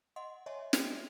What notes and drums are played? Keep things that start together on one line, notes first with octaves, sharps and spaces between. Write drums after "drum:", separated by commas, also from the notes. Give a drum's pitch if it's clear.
D#5 F#5 C6
C#5 D#5 E5 G#5 C6
drum: snare